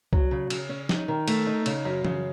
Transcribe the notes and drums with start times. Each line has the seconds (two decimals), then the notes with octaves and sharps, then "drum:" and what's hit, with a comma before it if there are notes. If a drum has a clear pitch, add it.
0.13 F#3, drum: kick C2
0.31 C#3
0.50 C#3, drum: cymbal
0.69 C#4
0.89 D#4, drum: snare
1.08 D#3
1.28 A3, drum: cymbal
1.47 D#4
1.66 C#3, drum: cymbal
1.85 F#2
2.05 C#3, drum: tom E3